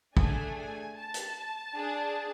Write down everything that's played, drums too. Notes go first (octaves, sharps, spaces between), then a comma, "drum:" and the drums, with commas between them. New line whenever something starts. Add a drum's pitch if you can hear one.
A3 D4 G#4 G#5, drum: kick
G#5
A5
drum: hi-hat
D4 G#4